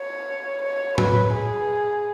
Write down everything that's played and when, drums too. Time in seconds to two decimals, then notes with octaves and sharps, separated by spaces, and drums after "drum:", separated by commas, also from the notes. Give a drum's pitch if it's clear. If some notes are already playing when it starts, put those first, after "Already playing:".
Already playing: C#5
0.62 C#5
0.98 B4, drum: tom A2
1.33 G#4